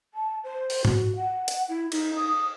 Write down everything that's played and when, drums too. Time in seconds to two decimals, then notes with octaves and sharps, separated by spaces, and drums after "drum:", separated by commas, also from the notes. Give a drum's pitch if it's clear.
0.14 A5
0.44 C5
0.70 drum: open hi-hat
0.85 F#4, drum: tom G#2
1.16 F#5
1.48 drum: hi-hat
1.69 E4
1.92 D#4, drum: cymbal
2.16 D#6